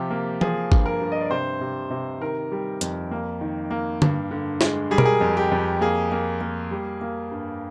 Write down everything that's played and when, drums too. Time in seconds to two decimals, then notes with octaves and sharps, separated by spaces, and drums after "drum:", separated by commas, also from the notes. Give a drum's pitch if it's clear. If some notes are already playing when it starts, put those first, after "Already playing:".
Already playing: C3 F3 G4
0.10 A#3
0.41 F3 G#4, drum: tom E3
0.72 G2, drum: kick
0.86 A#4
1.02 G2
1.12 D#5
1.21 D5
1.31 C3 C5
1.61 C3
1.91 C3
2.21 D#3 A#4
2.52 G3
2.81 F2, drum: hi-hat
3.11 A#3
3.41 D#3
3.71 A#3
4.02 G2, drum: tom D3
4.31 D3
4.61 G#3, drum: snare
4.91 G3 G#4
4.98 A#4, drum: tom B2
5.05 G#4
5.21 F2
5.37 G4
5.51 F2
5.81 A#3 G#4
6.12 A#3
6.41 A#3
6.71 G3
7.01 A#3
7.32 G2